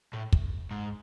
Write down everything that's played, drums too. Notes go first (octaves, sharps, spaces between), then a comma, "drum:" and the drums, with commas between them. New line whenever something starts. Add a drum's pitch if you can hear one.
A2
drum: kick
G#2